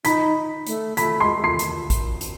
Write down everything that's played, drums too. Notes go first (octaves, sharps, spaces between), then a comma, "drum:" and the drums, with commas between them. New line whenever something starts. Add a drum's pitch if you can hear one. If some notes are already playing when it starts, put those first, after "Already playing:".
D#4 B5 B6, drum: hi-hat
A3, drum: hi-hat
A3 B5 B6, drum: hi-hat
G#3 C6 C7
G#3
A3 C6 C7
drum: hi-hat
drum: kick A1, hi-hat
drum: hi-hat